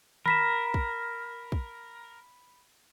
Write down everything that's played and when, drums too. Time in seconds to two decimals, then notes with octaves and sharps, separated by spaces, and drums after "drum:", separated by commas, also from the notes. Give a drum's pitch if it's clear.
0.26 A#4 B5 B6 E7, drum: tom D#3
0.74 drum: kick
1.52 drum: kick